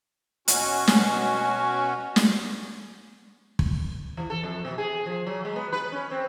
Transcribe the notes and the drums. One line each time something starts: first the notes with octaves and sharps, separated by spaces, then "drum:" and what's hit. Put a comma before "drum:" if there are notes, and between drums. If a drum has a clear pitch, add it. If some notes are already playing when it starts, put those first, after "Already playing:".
B2 C#4 F#4, drum: hi-hat
drum: snare
drum: snare
drum: kick
E3
A4
F2
B2
G#4
F3
F#3
G#3
B3
B4
C#4
C4